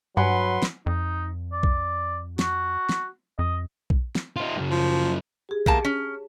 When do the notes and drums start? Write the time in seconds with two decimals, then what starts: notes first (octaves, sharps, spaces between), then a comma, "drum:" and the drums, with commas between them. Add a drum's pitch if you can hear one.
0.17 G2 F#3 B4 F#5 G#5 B5 C6
0.62 drum: snare
0.86 F2 D#4
1.52 D5
1.63 drum: kick
2.39 F#4, drum: snare
2.89 drum: snare
3.39 F2 D#5
3.90 drum: kick
4.15 drum: snare
4.36 D#4 F4
4.56 F#2 C#3
4.70 F3
5.49 G4 G#4
5.66 E2 A#3 A5, drum: kick
5.85 C#4